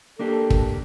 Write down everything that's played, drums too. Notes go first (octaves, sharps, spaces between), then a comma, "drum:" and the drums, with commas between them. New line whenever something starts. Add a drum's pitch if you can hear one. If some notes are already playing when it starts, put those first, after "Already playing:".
A#3 D4 G4 A4
drum: kick